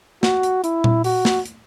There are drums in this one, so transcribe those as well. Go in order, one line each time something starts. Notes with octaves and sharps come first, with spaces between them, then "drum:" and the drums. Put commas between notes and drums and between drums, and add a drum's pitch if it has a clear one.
F#4, drum: snare
drum: hi-hat
E4, drum: hi-hat
drum: tom A#2
F#4, drum: open hi-hat
drum: snare
drum: hi-hat